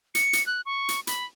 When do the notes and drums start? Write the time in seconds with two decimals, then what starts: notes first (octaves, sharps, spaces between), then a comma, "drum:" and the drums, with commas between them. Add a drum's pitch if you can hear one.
0.15 C#7, drum: hi-hat
0.33 drum: hi-hat
0.46 F#6
0.66 C#6
0.89 drum: hi-hat
1.07 B5, drum: hi-hat